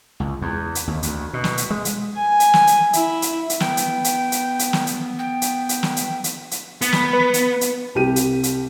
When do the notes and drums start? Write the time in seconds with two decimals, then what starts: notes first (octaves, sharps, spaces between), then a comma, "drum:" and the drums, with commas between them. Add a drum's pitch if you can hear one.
0.20 C#2
0.42 E2
0.75 drum: hi-hat
0.87 D#2
1.03 D2, drum: hi-hat
1.33 B2
1.44 drum: snare
1.57 drum: hi-hat
1.70 G#3
1.85 drum: hi-hat
2.16 G#5
2.40 drum: hi-hat
2.54 drum: snare
2.67 drum: hi-hat
2.93 E4, drum: hi-hat
3.22 drum: hi-hat
3.50 drum: hi-hat
3.60 B3 G5, drum: snare
3.77 drum: hi-hat
4.04 drum: hi-hat
4.32 drum: hi-hat
4.59 drum: hi-hat
4.73 drum: snare
4.87 drum: hi-hat
5.19 G5
5.42 drum: hi-hat
5.69 drum: hi-hat
5.83 drum: snare
5.96 drum: hi-hat
6.24 drum: hi-hat
6.51 drum: hi-hat
6.81 B3, drum: hi-hat
6.93 drum: snare
7.13 B4
7.34 drum: hi-hat
7.61 drum: hi-hat
7.95 C2 G4 D#7
8.16 drum: hi-hat
8.43 drum: hi-hat